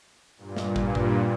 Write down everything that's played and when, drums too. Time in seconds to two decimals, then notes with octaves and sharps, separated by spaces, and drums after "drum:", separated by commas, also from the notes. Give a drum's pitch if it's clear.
0.37 G2 A#2
0.57 drum: snare
0.76 drum: kick
0.95 drum: kick